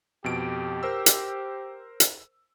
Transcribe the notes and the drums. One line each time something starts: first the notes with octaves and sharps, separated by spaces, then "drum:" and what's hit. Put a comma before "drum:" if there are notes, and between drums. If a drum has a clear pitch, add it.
F2 B2 G4 D7
A#4 C5 E6
drum: hi-hat
drum: hi-hat